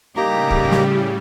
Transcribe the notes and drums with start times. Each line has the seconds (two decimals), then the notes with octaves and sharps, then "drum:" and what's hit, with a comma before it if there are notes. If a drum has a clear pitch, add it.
0.17 A2 C#3 G3 A#3 D#4 G4 A#5
0.51 drum: kick
0.71 drum: snare